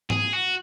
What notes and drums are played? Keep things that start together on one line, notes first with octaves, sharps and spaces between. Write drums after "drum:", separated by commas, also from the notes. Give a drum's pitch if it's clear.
G#4, drum: tom G#2
F#4